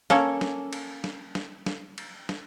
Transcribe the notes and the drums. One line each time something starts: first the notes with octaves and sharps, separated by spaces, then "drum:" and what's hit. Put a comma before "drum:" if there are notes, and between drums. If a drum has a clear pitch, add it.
A#3 C#4 A4, drum: snare
drum: snare
drum: cymbal
drum: snare
drum: snare
drum: snare
drum: cymbal
drum: snare